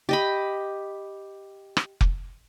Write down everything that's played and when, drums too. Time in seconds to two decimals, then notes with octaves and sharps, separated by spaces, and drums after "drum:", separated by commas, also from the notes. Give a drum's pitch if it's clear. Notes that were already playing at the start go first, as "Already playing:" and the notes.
0.09 G4 D#5 B5
1.77 drum: rim click
2.01 drum: kick F1